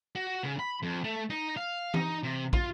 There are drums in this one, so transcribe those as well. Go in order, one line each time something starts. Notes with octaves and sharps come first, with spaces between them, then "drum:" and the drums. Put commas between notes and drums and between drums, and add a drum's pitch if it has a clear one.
F#4
C#3
B5
F2
A3
D#4
F5
D#4, drum: tom E3
C3
F4, drum: kick